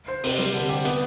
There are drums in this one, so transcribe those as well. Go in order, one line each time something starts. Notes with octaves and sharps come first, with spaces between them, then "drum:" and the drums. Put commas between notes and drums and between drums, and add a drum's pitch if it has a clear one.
C5
C3, drum: open hi-hat
G3
D3
G4
B3, drum: hi-hat